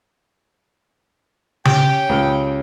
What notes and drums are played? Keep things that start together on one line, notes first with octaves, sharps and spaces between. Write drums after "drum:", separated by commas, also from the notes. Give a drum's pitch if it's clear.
C#4 G4 G5, drum: tom C#3
C#2